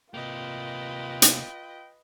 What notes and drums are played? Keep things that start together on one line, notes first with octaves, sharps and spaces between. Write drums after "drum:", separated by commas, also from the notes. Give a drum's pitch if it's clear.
C3 A#3 F4 B4 D#5 G5
drum: hi-hat